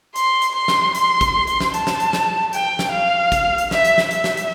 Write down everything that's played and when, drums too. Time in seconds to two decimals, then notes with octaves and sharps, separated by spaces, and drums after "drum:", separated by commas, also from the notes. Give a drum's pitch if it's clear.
0.16 C6, drum: hi-hat
0.42 drum: hi-hat
0.55 C6
0.68 drum: snare
0.95 C6, drum: hi-hat
1.21 drum: kick, hi-hat
1.47 drum: hi-hat
1.60 drum: snare
1.74 A5, drum: hi-hat
1.87 drum: snare
2.00 drum: hi-hat
2.13 drum: snare
2.53 G5, drum: hi-hat
2.79 drum: snare
2.92 F5
3.32 drum: kick, hi-hat
3.58 drum: hi-hat
3.71 E5, drum: snare
3.85 drum: hi-hat
3.98 drum: snare
4.11 E5, drum: hi-hat
4.24 drum: snare
4.37 drum: hi-hat